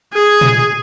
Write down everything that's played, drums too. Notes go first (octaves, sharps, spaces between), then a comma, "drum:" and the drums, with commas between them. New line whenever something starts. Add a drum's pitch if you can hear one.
G#4
drum: tom A#2